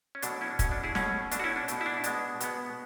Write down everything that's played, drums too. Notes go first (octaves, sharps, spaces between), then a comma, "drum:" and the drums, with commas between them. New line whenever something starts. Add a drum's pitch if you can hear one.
C#4
B2 F#3 A3 D4, drum: hi-hat
C#4 E4
D4
B2 A3 C#4, drum: kick, hi-hat
D4
E4 G#4
B2 A3 C#4, drum: snare
B2 A3 D4, drum: hi-hat
F#4
C#4 E4
D4
B2 A3, drum: hi-hat
E4
D4
E4
B2 G#3 B3 D4, drum: hi-hat
B2 G#3 B3, drum: hi-hat